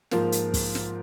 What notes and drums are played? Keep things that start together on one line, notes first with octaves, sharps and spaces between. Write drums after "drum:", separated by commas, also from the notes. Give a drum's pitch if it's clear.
G#2 F3 A#3 F4 A#4, drum: snare
drum: hi-hat
drum: kick, open hi-hat
drum: snare